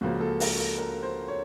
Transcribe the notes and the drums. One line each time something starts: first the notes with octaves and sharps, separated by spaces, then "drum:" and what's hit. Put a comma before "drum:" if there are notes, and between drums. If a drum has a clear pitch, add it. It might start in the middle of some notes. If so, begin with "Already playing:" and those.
C#2 C#3 F3 A#3 F#4
A4
A#4, drum: open hi-hat
A4
A#4
C5
C#5